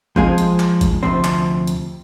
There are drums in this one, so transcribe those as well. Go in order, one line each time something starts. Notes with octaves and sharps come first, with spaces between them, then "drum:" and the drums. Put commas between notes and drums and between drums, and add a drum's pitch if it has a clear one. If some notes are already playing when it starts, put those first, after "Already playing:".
F3 G#3 C4 F4 G#4, drum: kick
drum: hi-hat
drum: clap
drum: kick, hi-hat
D2 C3 F3 C4
drum: clap
drum: hi-hat